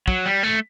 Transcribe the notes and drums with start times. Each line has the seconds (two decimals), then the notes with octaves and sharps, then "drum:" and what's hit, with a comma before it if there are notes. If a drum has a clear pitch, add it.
0.08 F#3, drum: kick
0.26 G3
0.43 A3